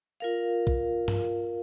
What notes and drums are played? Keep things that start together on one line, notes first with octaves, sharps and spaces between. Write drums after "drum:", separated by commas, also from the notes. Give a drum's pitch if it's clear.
F4 A#4 F5
drum: kick
drum: tom G2